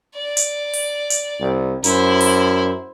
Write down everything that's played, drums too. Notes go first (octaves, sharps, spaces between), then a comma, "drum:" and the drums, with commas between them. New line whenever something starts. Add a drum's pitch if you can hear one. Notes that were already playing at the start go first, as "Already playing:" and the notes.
D5
drum: hi-hat
drum: open hi-hat
drum: hi-hat
C2
F#2 E4 C5, drum: hi-hat
drum: open hi-hat